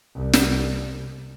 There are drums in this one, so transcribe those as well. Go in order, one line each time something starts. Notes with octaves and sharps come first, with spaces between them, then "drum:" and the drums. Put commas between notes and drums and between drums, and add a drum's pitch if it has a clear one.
C2
drum: snare